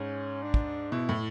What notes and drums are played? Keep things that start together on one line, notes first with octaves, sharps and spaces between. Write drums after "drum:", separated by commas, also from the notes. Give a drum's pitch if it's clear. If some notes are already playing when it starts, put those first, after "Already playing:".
Already playing: G#2 C#4
D4
drum: kick
B2 E4
A2